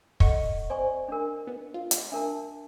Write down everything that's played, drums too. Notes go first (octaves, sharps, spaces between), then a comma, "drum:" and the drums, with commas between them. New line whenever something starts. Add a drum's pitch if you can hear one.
B1 A4 D#5 F#5 C#6, drum: kick
C4 D5 G#5 C#6
D4 A#4
B3
F4
drum: hi-hat
D4 A#4 E5 A5